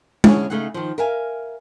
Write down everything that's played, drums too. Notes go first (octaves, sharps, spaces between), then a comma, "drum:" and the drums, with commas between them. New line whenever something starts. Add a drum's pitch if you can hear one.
D3 C#4 E4 G#4 C#5, drum: tom G#3
C#3 A3 D#4 G#4 F#5
D#3 F3
A#4 E5 F5 G#5